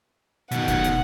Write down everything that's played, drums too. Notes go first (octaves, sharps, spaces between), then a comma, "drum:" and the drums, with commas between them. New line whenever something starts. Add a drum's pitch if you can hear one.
B2 D#3 F#5, drum: hi-hat
drum: kick E1, hi-hat
drum: hi-hat